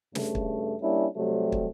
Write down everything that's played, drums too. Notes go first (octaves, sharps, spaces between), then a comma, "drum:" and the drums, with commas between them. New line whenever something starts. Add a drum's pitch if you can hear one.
G2 C#3 A3, drum: snare
drum: kick
G3 A#3 C#4 D4 E4
C3 F#3 G3 A3
drum: kick